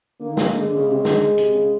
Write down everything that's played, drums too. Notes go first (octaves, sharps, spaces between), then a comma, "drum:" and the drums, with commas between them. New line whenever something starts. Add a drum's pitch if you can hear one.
D3 A#3
D#3
D3, drum: snare
C#3
D3 G#3
D3
C#3
C3
C#3
D#3, drum: snare
D3
C3, drum: hi-hat
C#3